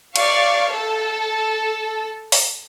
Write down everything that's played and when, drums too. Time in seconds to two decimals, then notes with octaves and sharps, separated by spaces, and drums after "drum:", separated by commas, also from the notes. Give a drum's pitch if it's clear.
0.16 D5 F5 C#6, drum: cymbal
0.72 A4
2.32 drum: open hi-hat